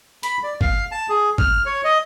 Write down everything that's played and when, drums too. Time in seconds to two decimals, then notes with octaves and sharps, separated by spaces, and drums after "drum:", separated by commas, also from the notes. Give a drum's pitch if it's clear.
0.23 B5, drum: hi-hat
0.43 D5
0.61 F5, drum: kick G1
0.92 A5
1.09 G#4
1.38 F6, drum: kick G1
1.66 C#5
1.84 D#5